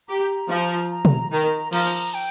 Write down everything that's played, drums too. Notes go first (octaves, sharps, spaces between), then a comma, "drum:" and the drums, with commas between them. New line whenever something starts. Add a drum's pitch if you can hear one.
G4 A#5
F3
A#5
drum: tom
D#3 A#5
F3 A#5, drum: cymbal
G5